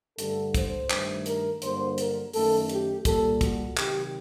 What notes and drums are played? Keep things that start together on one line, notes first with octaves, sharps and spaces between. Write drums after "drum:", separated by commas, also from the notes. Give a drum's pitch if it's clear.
G2 D3 A3 A4, drum: hi-hat
C5, drum: kick, hi-hat
G2 D#3 A3, drum: clap
A#4, drum: hi-hat
G2 D3 F#3 A#3 C5, drum: hi-hat
A#4, drum: hi-hat
F#2 D#3 A3 A4, drum: open hi-hat
G4, drum: hi-hat
A#2 G3 A#3 A4, drum: kick, hi-hat
F#4, drum: kick, hi-hat
C3 D#3 F#3 G4, drum: clap